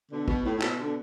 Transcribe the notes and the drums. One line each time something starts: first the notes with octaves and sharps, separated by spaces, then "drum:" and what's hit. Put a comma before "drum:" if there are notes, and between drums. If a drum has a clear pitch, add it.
B2 D3
B2, drum: kick
A2
A2
B2, drum: clap
B2 D3